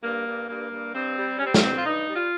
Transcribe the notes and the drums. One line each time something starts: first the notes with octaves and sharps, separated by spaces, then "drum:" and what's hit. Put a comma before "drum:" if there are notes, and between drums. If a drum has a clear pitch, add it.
G2 A#3
G2
G2 A#3
G2
G2 C4
G3
G3 C#4
C4
A#3, drum: snare
G2 C4
F4
G2 D#4
G3
F4